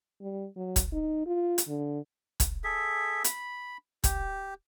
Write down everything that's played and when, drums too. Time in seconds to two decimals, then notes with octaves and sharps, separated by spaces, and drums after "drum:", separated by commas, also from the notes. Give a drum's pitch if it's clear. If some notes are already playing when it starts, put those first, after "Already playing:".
0.21 G3
0.56 F#3
0.76 drum: kick, hi-hat
0.92 D#4
1.26 F4
1.58 drum: hi-hat
1.68 D3
2.40 drum: kick, hi-hat
2.64 G#4 A4 E5
3.24 B5, drum: hi-hat
4.04 G4, drum: kick, hi-hat